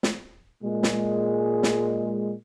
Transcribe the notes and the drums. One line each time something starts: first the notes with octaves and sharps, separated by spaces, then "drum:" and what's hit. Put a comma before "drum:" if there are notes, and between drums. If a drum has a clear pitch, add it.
drum: snare
A#2 G#3
drum: snare
drum: snare